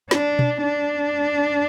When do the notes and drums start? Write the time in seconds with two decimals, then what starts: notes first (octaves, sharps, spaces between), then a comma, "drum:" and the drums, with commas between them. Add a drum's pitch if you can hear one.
0.11 D4, drum: snare
0.39 drum: tom B2
0.63 D4